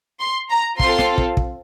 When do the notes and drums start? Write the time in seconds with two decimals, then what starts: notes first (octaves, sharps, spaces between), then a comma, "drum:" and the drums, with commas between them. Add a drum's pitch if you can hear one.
0.21 C6
0.50 A#5
0.80 C4 F4 A4 C6, drum: kick
0.99 drum: snare
1.18 drum: kick
1.37 drum: kick